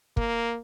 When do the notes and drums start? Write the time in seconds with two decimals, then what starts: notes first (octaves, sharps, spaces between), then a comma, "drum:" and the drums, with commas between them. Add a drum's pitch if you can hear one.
0.17 A#3, drum: kick